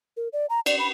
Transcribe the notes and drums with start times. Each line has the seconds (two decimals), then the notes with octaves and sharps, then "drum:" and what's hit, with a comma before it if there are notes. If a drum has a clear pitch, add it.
0.17 A#4
0.33 D5
0.50 A#5
0.66 D5, drum: cymbal
0.79 B5